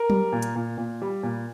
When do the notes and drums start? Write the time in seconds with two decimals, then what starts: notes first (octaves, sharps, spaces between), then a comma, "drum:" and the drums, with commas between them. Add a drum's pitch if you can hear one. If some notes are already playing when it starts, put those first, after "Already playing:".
Already playing: A#4
0.10 G3, drum: tom F#3
0.32 A#2
0.42 drum: hi-hat
0.56 A#2
0.78 A#2
1.02 G3
1.23 A#2